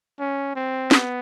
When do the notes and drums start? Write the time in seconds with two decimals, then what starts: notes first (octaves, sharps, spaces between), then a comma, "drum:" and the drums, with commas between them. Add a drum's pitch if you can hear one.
0.20 C#4
0.55 C4
0.91 B3, drum: snare